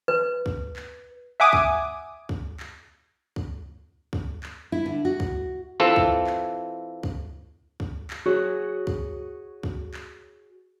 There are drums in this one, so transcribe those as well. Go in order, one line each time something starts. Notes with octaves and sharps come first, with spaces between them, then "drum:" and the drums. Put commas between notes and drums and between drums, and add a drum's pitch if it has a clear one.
B4
drum: kick
drum: clap
E5 F#5 G#5 D6 D#6
drum: kick
drum: kick
drum: clap
drum: kick
drum: kick
drum: clap
E4
D3
F#4
drum: kick
E3 C4 F4 A4
drum: kick
drum: clap
drum: kick
drum: kick
drum: clap
F#4 G#4 C#5
drum: kick
drum: kick
drum: clap